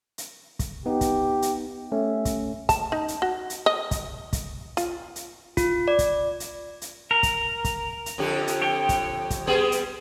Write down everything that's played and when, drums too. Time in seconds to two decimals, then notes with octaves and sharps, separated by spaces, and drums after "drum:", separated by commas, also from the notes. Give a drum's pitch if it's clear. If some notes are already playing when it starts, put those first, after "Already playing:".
0.18 drum: hi-hat
0.59 drum: kick, hi-hat
0.86 B3 D#4 G4
1.01 drum: kick, hi-hat
1.42 drum: hi-hat
1.92 A3 C#4 E5
2.25 drum: kick, hi-hat
2.69 A5, drum: kick, hi-hat
2.92 D#4
3.08 drum: hi-hat
3.22 F#4
3.50 drum: hi-hat
3.66 D#5
3.91 drum: kick, hi-hat
4.33 drum: kick, hi-hat
4.77 F4, drum: hi-hat
5.16 drum: hi-hat
5.57 F4, drum: kick, hi-hat
5.88 D5
5.99 drum: kick, hi-hat
6.40 drum: hi-hat
6.82 drum: hi-hat
7.11 A#4
7.23 drum: kick, hi-hat
7.64 drum: kick, hi-hat
8.06 drum: hi-hat
8.18 F2 D3 G4
8.47 drum: hi-hat
8.62 C#5 G5
8.89 drum: kick, hi-hat
9.30 drum: kick, hi-hat
9.47 G3 B3 G#4
9.72 drum: hi-hat